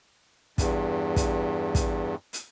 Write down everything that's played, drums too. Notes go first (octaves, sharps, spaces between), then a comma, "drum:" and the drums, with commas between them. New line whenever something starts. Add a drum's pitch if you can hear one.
E2 G2, drum: kick, hi-hat
drum: kick, hi-hat
drum: kick, hi-hat
drum: hi-hat